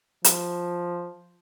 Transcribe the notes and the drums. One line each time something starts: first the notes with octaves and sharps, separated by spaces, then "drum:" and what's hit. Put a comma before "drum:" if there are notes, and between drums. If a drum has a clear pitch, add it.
F3, drum: hi-hat